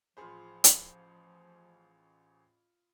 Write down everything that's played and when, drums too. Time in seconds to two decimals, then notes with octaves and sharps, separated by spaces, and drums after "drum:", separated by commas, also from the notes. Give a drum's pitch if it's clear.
0.17 A1 F3 F4 G#4 C5 B5
0.64 drum: hi-hat